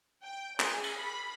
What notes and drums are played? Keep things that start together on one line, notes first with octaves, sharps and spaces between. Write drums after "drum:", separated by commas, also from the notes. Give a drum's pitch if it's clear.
G5
G#4, drum: clap
drum: cymbal
B5